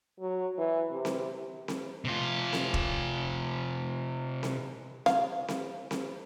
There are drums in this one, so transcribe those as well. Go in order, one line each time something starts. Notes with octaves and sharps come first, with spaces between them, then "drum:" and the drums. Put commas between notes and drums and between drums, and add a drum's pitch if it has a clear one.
F#3
E3
C3
drum: snare C4
drum: snare C4
C3 F4
drum: snare C4
drum: kick
drum: snare C4
F5, drum: snare C4
drum: snare C4
drum: snare C4